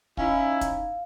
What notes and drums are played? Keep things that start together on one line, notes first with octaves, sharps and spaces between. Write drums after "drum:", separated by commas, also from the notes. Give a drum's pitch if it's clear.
C#4 D#4 E4 F5, drum: kick
drum: kick, hi-hat